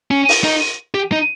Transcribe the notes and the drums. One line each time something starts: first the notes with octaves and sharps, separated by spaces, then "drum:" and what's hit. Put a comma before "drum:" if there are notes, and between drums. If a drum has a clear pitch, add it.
C#4
drum: open hi-hat
D#4
G4
D#4